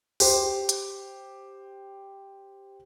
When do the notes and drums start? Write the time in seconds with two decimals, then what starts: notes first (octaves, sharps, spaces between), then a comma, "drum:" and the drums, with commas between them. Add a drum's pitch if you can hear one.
0.20 G4 C5, drum: open hi-hat
0.69 drum: hi-hat